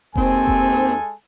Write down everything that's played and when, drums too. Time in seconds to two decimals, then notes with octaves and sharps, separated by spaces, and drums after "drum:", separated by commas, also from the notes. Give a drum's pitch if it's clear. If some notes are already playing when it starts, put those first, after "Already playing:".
0.16 D#2 G#3 C4 A4 G#5, drum: kick F1
0.47 drum: kick F1